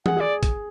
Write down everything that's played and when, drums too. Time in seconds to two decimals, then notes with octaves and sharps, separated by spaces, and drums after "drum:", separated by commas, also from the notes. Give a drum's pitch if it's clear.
0.06 G#4 F#5, drum: tom
0.17 G#4
0.20 D5
0.43 drum: kick, hi-hat